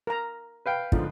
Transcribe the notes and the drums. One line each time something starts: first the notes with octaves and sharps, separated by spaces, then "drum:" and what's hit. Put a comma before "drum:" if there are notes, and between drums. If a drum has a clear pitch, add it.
A#4 A#5
B4 F5 G5
G#2 D3 F3, drum: kick